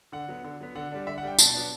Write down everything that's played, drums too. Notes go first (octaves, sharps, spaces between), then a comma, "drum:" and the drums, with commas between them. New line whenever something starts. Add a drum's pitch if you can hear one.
D3 F#5
F#3 B3
D3
F#3 B3
D3 F#5
G3 D4
D3 E5
F#5
G3 D4 G5
B2 A5, drum: tambourine
F#3 B3 D4